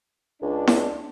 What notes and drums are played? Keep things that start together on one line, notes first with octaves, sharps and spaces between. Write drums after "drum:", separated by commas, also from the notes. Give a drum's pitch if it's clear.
C#2 D4
drum: snare E4